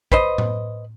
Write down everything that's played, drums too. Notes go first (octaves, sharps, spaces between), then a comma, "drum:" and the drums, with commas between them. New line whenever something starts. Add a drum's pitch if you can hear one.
B4 C5 D#5, drum: kick
drum: tom A2